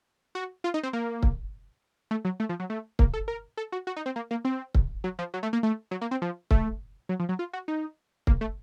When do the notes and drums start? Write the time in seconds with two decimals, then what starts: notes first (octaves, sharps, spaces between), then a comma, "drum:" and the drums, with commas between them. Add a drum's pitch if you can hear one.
0.35 F#4
0.64 F4
0.74 D#4
0.83 C4
0.93 A#3
1.23 drum: kick C#1
2.11 A3
2.25 F#3
2.40 A3
2.49 F3
2.60 F#3
2.70 A3
2.99 A#3, drum: kick C#1
3.14 A4
3.28 A#4
3.57 A4
3.72 F#4
3.87 F#4
3.96 D#4
4.06 C4
4.16 A#3
4.31 A#3
4.45 C4
4.75 drum: kick C#1
5.04 F#3
5.19 F3
5.34 F#3
5.43 A3
5.53 A#3
5.63 A3
5.91 F#3
6.01 A#3
6.11 C4
6.22 F3
6.51 A3, drum: kick C#1
7.09 F#3
7.20 F3
7.29 F#3
7.39 F4
7.53 F#4
7.68 D#4
8.27 A#3, drum: kick C#1
8.41 A3